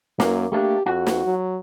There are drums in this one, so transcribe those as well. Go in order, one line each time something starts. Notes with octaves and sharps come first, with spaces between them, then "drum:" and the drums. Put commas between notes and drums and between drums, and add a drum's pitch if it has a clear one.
F#2 A#3, drum: snare
A3 A#3 D4 G4
F2 F#4
drum: snare
F#3